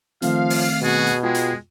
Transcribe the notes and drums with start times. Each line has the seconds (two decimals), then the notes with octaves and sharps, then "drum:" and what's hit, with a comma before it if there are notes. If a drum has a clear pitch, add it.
0.22 D#3 F3 A3 C4 F5, drum: hi-hat
0.50 drum: open hi-hat
0.82 B2 F#4 G#4
1.06 drum: hi-hat
1.23 G#3 F4 G5 C7
1.34 drum: hi-hat